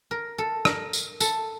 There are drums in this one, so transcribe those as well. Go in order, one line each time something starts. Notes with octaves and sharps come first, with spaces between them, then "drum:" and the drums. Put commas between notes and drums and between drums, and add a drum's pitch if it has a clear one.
A#4
A4
A#4, drum: rim click
drum: tambourine
A4, drum: tambourine